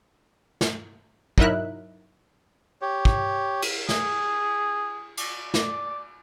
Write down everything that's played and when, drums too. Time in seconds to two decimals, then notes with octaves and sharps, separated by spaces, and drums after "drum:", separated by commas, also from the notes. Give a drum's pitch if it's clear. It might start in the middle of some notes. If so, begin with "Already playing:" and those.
0.61 drum: snare
1.38 F#3 D#4 E4 A#4 E5 F#6, drum: kick
2.81 G4 C#5
3.05 drum: kick
3.62 drum: cymbal
3.89 G#4, drum: snare
5.17 drum: cymbal
5.54 D5, drum: snare